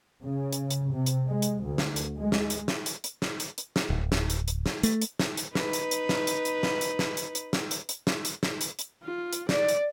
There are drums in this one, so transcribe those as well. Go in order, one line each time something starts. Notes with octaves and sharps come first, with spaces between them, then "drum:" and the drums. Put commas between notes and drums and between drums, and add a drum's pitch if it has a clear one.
C#3
drum: hi-hat
drum: hi-hat
C3
drum: hi-hat
G#3
drum: hi-hat
D2
drum: snare
drum: hi-hat
G#3
drum: snare
drum: hi-hat
drum: snare
drum: hi-hat
drum: hi-hat
drum: snare
drum: hi-hat
drum: hi-hat
drum: snare
D1
drum: snare
drum: hi-hat
drum: hi-hat
drum: snare
A3, drum: hi-hat
drum: hi-hat
drum: snare
drum: hi-hat
D#4 B4, drum: snare
drum: hi-hat
drum: hi-hat
drum: snare
drum: hi-hat
drum: hi-hat
drum: snare
drum: hi-hat
drum: snare
drum: hi-hat
drum: hi-hat
drum: snare
drum: hi-hat
drum: hi-hat
drum: snare
drum: hi-hat
drum: snare
drum: hi-hat
drum: hi-hat
F4
drum: hi-hat
D5, drum: snare
drum: hi-hat